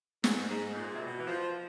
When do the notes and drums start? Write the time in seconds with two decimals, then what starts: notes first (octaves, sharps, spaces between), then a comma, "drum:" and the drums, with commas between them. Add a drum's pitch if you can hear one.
0.24 G#2, drum: snare
0.50 G#2
0.75 A#2
0.94 C3
1.02 B2
1.19 E3
1.28 F3